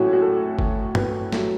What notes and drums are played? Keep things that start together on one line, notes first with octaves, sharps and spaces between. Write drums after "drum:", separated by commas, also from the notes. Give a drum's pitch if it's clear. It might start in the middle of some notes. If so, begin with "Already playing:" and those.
Already playing: A1 A2 F#3 A3 C#4 F#4
F#4
A4
drum: kick G1
B4, drum: tom G2
F#3 A3, drum: snare